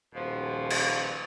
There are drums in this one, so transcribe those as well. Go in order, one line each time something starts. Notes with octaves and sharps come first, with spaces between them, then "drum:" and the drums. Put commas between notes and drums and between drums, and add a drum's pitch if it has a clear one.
D#1 F#2 B2 F3
drum: cymbal